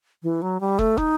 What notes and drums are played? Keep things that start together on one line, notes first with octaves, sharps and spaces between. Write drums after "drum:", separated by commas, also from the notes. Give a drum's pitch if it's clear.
E3
F#3
G3
A3, drum: kick
D#4, drum: kick